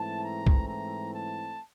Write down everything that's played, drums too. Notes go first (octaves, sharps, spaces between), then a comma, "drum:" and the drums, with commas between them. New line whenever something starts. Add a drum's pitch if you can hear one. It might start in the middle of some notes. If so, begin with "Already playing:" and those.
Already playing: G#2 E3 A3 C4 E4 A5
A#5
drum: kick
A#5
A5